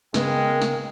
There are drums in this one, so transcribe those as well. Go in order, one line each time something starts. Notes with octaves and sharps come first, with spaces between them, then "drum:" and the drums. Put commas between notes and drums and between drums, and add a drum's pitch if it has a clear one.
C#3 G#3 B3 A#4 G5, drum: snare
drum: snare